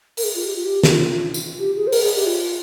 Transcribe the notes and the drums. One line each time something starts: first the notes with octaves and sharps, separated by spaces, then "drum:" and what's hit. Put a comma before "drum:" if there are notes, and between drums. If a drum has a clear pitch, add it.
A#4, drum: open hi-hat
G#4
F4
G4
F4
G4
G4, drum: snare
F4
drum: tambourine
G4
G#4
C5
A#4, drum: open hi-hat
G#4
G4
F4